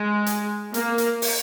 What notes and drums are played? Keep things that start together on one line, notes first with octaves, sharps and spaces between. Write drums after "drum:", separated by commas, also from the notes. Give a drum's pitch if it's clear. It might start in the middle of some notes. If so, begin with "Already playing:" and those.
Already playing: G#3
drum: hi-hat
A#3, drum: hi-hat
drum: hi-hat
drum: open hi-hat